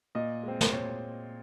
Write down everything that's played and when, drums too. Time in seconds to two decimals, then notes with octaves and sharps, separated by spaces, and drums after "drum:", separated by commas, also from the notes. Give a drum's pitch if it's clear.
0.15 A#2 D#5
0.43 G#3 C4
0.61 C5, drum: snare
0.72 A#2 C#5